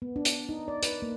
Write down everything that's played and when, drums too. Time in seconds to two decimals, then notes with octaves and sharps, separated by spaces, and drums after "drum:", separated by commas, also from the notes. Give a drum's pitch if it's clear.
0.02 B3
0.16 D4
0.25 drum: hi-hat
0.49 D#4
0.68 D5
0.83 B4, drum: hi-hat
1.02 A#3